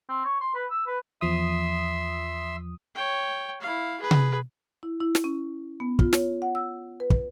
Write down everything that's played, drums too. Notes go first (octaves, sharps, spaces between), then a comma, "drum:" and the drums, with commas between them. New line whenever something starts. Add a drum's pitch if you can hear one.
C4
C#5
C6
B4
E6
B4
E2 F3 E5 C6 D#6 E6
C#5 G5
E4 F5
G#4 B4
drum: tom C3
E4
E4
drum: snare
C#4
B3
F4, drum: kick
C#5, drum: snare
F#5
E6
B4
drum: kick